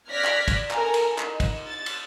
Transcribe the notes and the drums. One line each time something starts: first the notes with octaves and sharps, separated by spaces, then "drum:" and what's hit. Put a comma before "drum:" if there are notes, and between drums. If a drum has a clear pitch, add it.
D5 F6 F#6 G#6 A#6 B6
drum: clap
drum: kick, cymbal
A4 A#4 G#5 A#5, drum: clap
drum: cymbal
D#4, drum: clap
drum: kick, cymbal
A6
drum: cymbal